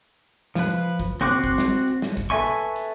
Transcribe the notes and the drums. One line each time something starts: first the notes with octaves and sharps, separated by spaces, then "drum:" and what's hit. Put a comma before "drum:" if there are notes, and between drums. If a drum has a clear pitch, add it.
F3 B4, drum: snare
drum: hi-hat
drum: kick, hi-hat
C4 F#4 C5 D6 F#6
drum: kick
drum: snare
drum: hi-hat
drum: snare
drum: kick, hi-hat
A4 B4 E5 G#5 C#6
drum: hi-hat
drum: hi-hat